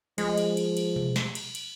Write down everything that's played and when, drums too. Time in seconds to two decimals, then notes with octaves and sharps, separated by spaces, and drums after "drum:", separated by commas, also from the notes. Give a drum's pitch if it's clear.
0.18 F3 G#3, drum: cymbal
0.38 drum: cymbal
0.57 drum: cymbal
0.77 drum: cymbal
0.96 drum: tom B2
1.16 drum: snare
1.35 drum: cymbal
1.55 drum: cymbal